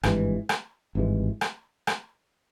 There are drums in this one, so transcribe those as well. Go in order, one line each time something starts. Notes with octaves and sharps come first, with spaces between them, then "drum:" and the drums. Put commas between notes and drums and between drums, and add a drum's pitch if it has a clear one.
G#1 G2 E3 G#3, drum: rim click
drum: rim click
G#1 G2 E3 G#3
drum: rim click
drum: rim click